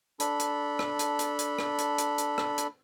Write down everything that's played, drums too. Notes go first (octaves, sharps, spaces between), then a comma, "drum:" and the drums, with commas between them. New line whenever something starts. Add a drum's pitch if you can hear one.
D4 A4 B5, drum: hi-hat
drum: hi-hat
drum: rim click
drum: hi-hat
drum: hi-hat
drum: hi-hat
drum: rim click
drum: hi-hat
drum: hi-hat
drum: hi-hat
drum: rim click
drum: hi-hat